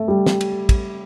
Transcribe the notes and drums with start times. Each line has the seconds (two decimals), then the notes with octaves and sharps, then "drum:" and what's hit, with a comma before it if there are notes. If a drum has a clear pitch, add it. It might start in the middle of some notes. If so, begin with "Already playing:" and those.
Already playing: A3
0.08 G3
0.26 drum: snare
0.41 drum: cymbal
0.69 drum: kick, cymbal